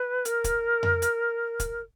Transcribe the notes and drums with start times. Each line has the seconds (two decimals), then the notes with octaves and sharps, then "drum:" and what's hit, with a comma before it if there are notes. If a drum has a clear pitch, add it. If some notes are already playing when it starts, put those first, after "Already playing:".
Already playing: B4
0.25 A#4, drum: hi-hat
0.44 drum: kick, hi-hat
0.83 drum: tom F2
1.02 drum: hi-hat
1.60 drum: kick, hi-hat